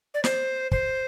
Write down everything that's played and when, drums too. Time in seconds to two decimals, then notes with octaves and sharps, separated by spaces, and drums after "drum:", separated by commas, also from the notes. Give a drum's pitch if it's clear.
0.14 D5
0.24 C5, drum: snare
0.72 C5, drum: kick